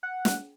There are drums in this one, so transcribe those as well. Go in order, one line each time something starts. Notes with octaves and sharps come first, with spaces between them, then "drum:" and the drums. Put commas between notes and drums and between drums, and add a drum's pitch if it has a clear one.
F#5
drum: snare